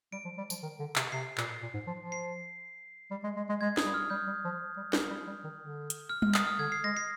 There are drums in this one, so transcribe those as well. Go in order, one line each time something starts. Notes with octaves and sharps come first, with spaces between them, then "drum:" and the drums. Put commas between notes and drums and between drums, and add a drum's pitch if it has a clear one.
G3 D7
F3
G3
F3, drum: tambourine
D#3
D3
C3, drum: clap
C3 C7
A#2, drum: clap
A#2
G#2
F3
F3
C7
G3
G#3
G#3
G#3
G#3 G#6
D#6, drum: snare
G3
F6
G3 G6
G3
F3
G3
G3, drum: snare
G3
G3
D#3
D3
drum: hi-hat
F6
F6, drum: tom G3
D#6, drum: clap
F6
D3 G#6
C7
G#3 A#6
C7